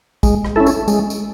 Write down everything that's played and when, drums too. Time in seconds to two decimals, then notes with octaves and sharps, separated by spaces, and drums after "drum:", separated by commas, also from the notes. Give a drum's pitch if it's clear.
0.23 G#3, drum: kick, tambourine
0.45 drum: rim click
0.56 C#4 E4 A4
0.66 drum: tambourine
0.88 G#3, drum: tambourine
1.10 drum: tambourine